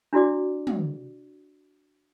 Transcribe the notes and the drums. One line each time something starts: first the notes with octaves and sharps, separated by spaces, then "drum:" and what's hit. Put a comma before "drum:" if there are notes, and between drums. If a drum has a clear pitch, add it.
D4 E4 F#4 D5 D6
drum: tom